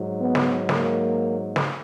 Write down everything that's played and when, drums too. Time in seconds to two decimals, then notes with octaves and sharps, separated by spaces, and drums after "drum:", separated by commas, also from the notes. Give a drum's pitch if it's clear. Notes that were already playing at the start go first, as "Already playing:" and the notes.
Already playing: G#2 F#3
0.21 B3
0.35 drum: snare
0.69 A#3, drum: snare
1.56 drum: snare